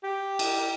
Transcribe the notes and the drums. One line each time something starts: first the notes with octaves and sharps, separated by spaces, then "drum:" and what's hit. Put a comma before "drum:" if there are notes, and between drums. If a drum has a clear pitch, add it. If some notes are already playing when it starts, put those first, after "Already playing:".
G4
drum: cymbal